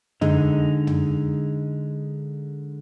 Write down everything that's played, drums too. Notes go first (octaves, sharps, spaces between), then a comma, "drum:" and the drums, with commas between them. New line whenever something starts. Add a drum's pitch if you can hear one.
D3 G#3 D#4, drum: tom
drum: tom